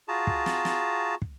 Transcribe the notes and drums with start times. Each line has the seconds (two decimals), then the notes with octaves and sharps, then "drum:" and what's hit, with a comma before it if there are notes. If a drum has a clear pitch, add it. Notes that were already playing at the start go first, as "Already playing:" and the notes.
0.08 F4 F#4 G#4 A5 A#5
0.27 drum: kick
0.46 drum: snare
0.65 drum: snare
1.22 drum: kick